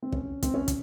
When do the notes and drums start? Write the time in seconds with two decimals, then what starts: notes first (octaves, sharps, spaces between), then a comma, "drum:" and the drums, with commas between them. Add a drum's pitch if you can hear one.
0.02 C4
0.12 C#4, drum: kick
0.43 C4, drum: kick, hi-hat
0.54 C#4
0.68 drum: kick, hi-hat